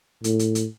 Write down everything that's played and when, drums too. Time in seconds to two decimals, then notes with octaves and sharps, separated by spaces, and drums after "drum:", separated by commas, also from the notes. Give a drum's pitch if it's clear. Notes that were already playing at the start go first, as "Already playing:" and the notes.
0.24 A2, drum: hi-hat
0.39 drum: hi-hat
0.55 drum: hi-hat